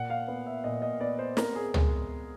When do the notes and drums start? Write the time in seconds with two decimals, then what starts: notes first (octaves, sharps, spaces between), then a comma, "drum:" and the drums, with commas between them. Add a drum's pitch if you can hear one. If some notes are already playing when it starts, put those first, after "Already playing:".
Already playing: A#2 F#5
0.10 F5
0.28 B3
0.46 E5
0.64 A#2 D#5
0.82 D#5
1.00 B3 D5
1.19 C5
1.37 C4 A#4, drum: snare
1.55 G#4
1.74 G#3, drum: tom